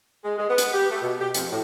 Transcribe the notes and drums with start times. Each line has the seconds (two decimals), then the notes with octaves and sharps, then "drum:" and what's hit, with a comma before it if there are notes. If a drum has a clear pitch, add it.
0.24 G#3
0.37 G#3
0.49 B3
0.58 drum: hi-hat
0.73 G4
0.90 A3
1.01 B2
1.20 G4
1.34 F2, drum: hi-hat
1.50 A2